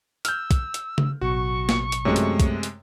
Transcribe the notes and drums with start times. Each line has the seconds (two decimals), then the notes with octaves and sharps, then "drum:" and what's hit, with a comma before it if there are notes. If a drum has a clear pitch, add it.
0.25 E6 F6 G6, drum: hi-hat
0.51 drum: kick, hi-hat
0.74 drum: hi-hat
0.98 drum: tom C#3
1.21 A1 B2 F#3 F#4 C#6
1.69 drum: snare
1.92 drum: hi-hat
2.05 F#2 C3 G#3 A3 C#5
2.16 drum: hi-hat
2.40 drum: kick, hi-hat
2.63 drum: hi-hat